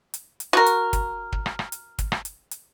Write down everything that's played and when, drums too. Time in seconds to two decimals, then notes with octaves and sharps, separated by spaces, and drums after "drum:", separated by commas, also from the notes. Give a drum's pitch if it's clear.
0.14 drum: hi-hat
0.40 drum: hi-hat
0.53 F#4 A#4
0.66 drum: hi-hat
0.93 drum: kick, hi-hat
1.32 drum: kick
1.46 drum: rim click
1.59 drum: rim click
1.72 drum: hi-hat
1.99 drum: kick, hi-hat
2.12 drum: rim click
2.25 drum: hi-hat
2.51 drum: hi-hat